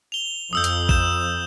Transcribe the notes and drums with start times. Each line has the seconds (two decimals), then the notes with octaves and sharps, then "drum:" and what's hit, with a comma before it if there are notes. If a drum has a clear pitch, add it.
0.12 F7 G7
0.53 F2 D#6 E6 G6
0.64 drum: hi-hat
0.89 G6 E7, drum: kick A1